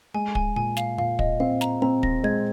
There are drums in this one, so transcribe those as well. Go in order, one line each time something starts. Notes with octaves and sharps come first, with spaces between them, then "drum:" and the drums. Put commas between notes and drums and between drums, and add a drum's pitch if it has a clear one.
G#3 G#5
G#5, drum: kick
A#2 G#5
F5, drum: snare
A#2 F5
D#5, drum: kick
C4 F5
A#5, drum: snare
C4 A#5
A#6, drum: kick
G#3 G#6